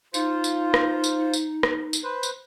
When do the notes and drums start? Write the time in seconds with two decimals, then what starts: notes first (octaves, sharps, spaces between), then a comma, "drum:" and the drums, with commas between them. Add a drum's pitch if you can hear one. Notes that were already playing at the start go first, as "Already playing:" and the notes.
0.14 D#4 F4 C5, drum: tambourine
0.44 drum: tambourine
0.74 drum: rim click
1.04 drum: tambourine
1.33 drum: tambourine
1.63 drum: rim click
1.93 drum: tambourine
2.04 B4 C5
2.23 drum: tambourine